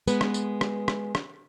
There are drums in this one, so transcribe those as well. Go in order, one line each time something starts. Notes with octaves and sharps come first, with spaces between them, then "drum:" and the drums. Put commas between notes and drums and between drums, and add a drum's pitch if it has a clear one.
G#3 B3 B4, drum: tambourine
drum: rim click
drum: tambourine
drum: rim click
drum: rim click
drum: rim click